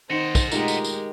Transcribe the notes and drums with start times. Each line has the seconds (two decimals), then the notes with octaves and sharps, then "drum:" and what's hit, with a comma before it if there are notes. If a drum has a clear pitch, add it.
0.10 D#3 D#4 C5 D#5 F#5
0.35 drum: kick, tambourine
0.51 D#3 G#3 A3 D#4 F4 G4, drum: tambourine
0.68 drum: tambourine
0.84 drum: tambourine